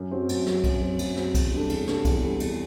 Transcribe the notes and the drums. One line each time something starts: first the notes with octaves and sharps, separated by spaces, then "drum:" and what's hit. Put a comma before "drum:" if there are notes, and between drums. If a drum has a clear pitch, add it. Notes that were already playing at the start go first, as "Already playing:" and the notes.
Already playing: F#2
F#3 C4 F#4
F#2, drum: cymbal
F#3 C4 F#4, drum: snare
F#2, drum: kick, cymbal
F#3 C4 F#4
F#2, drum: cymbal
F#3 C4 F#4, drum: snare
E2, drum: kick, cymbal
C3 G3 D4 A4
E2, drum: cymbal
C3 G3 D4 A4, drum: snare
E2, drum: kick, cymbal
C3 G3 D4 A4
E2, drum: cymbal